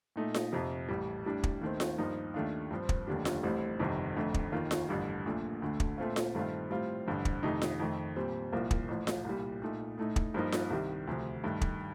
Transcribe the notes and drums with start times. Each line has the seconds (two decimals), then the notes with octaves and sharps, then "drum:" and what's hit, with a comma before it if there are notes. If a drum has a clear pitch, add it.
0.16 A#2 A3 D#4
0.34 drum: snare F4
0.52 F2 C3 F3
0.89 A1 A2 G3
1.25 A2 G3 D4
1.44 drum: kick
1.61 D#2 D#3 A3 C4
1.80 drum: snare F4
1.98 G2 F3 A#3 D#4
2.34 D#2 D#3 A3 D4 F4
2.71 G2 F3 C4
2.89 drum: kick
3.07 F1 D#2 D3 G3 D4
3.25 drum: snare F4
3.43 A1 A2 G3 C4
3.79 G1 F2 C3 D#3 G3
4.16 F1 F2 D3 A3
4.34 drum: kick
4.52 D#2 D#3 A#3 F4
4.71 drum: snare F4
4.89 A1 G2 D3 G3
5.26 A#1 A#2 A3 D4
5.62 D2 D3 A3
5.80 drum: kick
5.98 A#2 A3 C4 F4
6.16 drum: snare F4
6.35 G2 D#3 A3 C4 F4
6.71 A2 G3 C4 F4
7.06 A1 G2 D3 F3
7.25 drum: kick
7.43 F2 C3 D#3 A3 D#4
7.62 drum: snare F4
7.80 F2 D#3 A3
8.16 A#2 G3 C4
8.52 C2 A#2 F3 A#3 F4
8.71 drum: kick
8.88 A1 A2 F3
9.07 drum: snare F4
9.25 C2 A#2 G3
9.62 A#2 A3 D#4
9.98 A2 A3 D#4
10.16 drum: kick
10.34 G2 F3 A#3 D#4
10.52 drum: snare F4
10.70 C2 C3 D#3 G3
11.07 D2 C3 F3
11.44 G2 D#3 A3
11.61 drum: kick